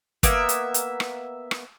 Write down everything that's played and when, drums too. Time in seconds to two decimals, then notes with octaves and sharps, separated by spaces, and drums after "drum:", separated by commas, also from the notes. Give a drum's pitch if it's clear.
0.23 A#3 B3 E5, drum: kick, hi-hat
0.49 drum: hi-hat
0.74 drum: hi-hat
1.00 drum: rim click
1.51 drum: rim click